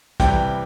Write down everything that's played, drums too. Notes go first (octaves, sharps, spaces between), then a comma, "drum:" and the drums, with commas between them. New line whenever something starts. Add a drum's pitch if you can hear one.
C3 E3 G3 G5, drum: kick, hi-hat